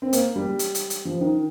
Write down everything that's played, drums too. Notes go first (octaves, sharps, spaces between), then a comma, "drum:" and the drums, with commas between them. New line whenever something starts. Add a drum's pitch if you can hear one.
C4
A#3, drum: hi-hat
G3
drum: hi-hat
drum: hi-hat
drum: hi-hat
F3
D#3